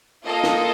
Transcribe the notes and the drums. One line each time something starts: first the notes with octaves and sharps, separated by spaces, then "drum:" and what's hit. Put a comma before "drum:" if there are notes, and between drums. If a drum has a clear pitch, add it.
A#3 F4 A4 D#5
drum: snare